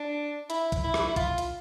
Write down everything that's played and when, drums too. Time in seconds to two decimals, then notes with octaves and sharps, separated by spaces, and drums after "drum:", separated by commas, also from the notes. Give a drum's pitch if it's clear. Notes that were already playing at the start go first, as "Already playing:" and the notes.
Already playing: D4
0.50 E4, drum: hi-hat
0.72 drum: kick B1, hi-hat
0.84 E4
0.94 drum: rim click
1.08 E4
1.16 F4, drum: kick B1, hi-hat
1.38 drum: hi-hat